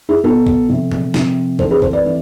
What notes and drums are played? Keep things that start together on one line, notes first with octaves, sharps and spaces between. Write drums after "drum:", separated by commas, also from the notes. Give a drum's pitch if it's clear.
E4 G#4
B2 B3 F4 A4
drum: kick B1
C3 F3 A3 C4
drum: tom A#2
C3 F3 A3 C4, drum: snare
E3 A3 C4 A4 C5, drum: kick B1
G#4 B4
A4 C5, drum: kick B1
B4 D5
E3 A3 C4